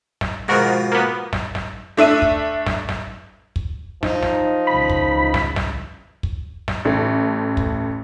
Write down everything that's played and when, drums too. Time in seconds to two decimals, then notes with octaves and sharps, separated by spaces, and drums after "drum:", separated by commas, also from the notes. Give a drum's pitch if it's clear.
0.21 drum: snare
0.48 G#2 B2 F3 G#3 F#4 A#4
0.92 A#3 B3
1.33 drum: snare
1.55 drum: snare
1.97 A3 D4 E5 D#7
2.22 drum: kick
2.67 drum: snare
2.89 drum: snare
3.56 drum: kick
4.03 F3 D#4, drum: snare
4.23 drum: snare
4.67 C#2 E3 B5
4.90 drum: kick
5.34 drum: snare
5.56 drum: snare
6.23 drum: kick
6.68 drum: snare
6.85 A1 A3
7.57 drum: kick